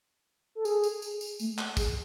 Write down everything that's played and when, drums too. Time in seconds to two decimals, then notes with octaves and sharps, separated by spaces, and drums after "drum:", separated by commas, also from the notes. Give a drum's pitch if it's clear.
0.55 A4
0.65 G#4, drum: tambourine
0.84 drum: tambourine
1.02 drum: tambourine
1.21 drum: tambourine
1.40 A3, drum: tambourine
1.58 drum: clap
1.77 G#4, drum: kick, tambourine